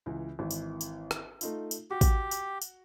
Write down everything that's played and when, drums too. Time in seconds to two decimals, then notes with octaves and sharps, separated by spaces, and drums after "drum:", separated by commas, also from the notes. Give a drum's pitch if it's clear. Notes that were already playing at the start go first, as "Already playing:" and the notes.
0.06 C#2 E3
0.39 G#1 E3
0.51 drum: tambourine
0.81 drum: tambourine
1.11 drum: rim click
1.41 A3 D#4 F4, drum: tambourine
1.71 drum: tambourine
1.90 F#4 G4
2.01 drum: kick, tambourine
2.31 drum: tambourine
2.62 drum: tambourine